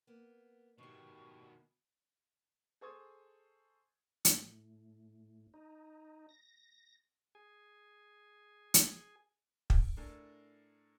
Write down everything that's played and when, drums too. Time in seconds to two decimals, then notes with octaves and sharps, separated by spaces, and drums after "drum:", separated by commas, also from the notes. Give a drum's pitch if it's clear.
0.07 A#3 B3
0.78 G#2 B2 D#3 G4 C#6
2.81 G#4 A4 C5 C#6 D#6 G#6
4.25 A2, drum: hi-hat
5.54 D#4
6.29 A#6
7.35 G#4 G#5
8.74 drum: hi-hat
9.70 drum: kick
9.97 A2 D4 A4 A#4 G#5